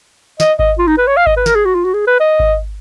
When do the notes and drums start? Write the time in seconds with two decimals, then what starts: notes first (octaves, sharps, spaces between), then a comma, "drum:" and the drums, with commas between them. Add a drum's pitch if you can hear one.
0.40 D#5, drum: snare
0.59 D#5, drum: kick G#1
0.79 F4
0.87 D#4
0.98 B4
1.07 C#5
1.17 F5
1.27 D#5, drum: kick G#1
1.37 B4
1.46 A#4, drum: snare
1.55 G#4
1.65 F#4
1.75 F4
1.85 F#4
1.94 G#4
2.07 B4
2.20 D#5
2.39 drum: kick G#1